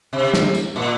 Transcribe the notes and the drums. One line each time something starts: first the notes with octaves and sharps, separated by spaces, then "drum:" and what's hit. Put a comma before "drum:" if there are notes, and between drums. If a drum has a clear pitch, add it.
C3
drum: snare
drum: tambourine
A#2